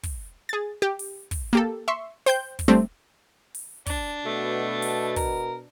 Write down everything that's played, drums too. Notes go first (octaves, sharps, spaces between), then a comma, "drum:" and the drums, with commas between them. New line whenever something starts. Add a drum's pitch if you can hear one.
drum: kick, open hi-hat
G#4 A6
G4
drum: open hi-hat
drum: kick, open hi-hat
A#3 G4 A4
E5 C6 C#6
C5 G5 G6, drum: open hi-hat
drum: kick, open hi-hat
G3 A3 C4 D4
drum: open hi-hat
D4, drum: kick, open hi-hat
B2 A3
drum: open hi-hat
A#4, drum: kick, open hi-hat